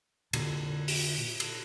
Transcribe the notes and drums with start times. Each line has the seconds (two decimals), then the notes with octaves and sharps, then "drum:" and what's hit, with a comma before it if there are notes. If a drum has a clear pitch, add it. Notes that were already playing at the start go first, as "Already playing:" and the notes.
0.33 A#2 D3, drum: cymbal
0.88 drum: open hi-hat
1.40 drum: cymbal